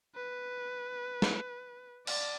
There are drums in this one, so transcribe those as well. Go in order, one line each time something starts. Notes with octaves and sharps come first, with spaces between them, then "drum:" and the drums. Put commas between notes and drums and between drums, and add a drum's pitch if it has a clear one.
B4
drum: snare
D5, drum: cymbal